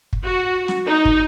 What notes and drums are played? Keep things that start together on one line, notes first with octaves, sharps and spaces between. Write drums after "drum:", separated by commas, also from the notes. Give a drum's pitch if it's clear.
drum: kick
F#4
drum: snare
D#4
drum: kick